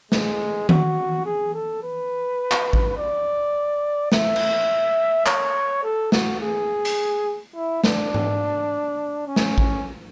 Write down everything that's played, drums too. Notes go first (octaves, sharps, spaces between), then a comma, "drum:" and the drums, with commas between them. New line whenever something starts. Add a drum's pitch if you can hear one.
G#3, drum: snare
F#4, drum: tom D#3
G#4
A4
B4
drum: clap
drum: kick A1
D5
E5, drum: snare
drum: cymbal
C#5, drum: clap
A4
F#4, drum: snare
G#4
drum: hi-hat
E4
D4, drum: snare
drum: tom G#2
C#4
drum: snare
drum: kick A1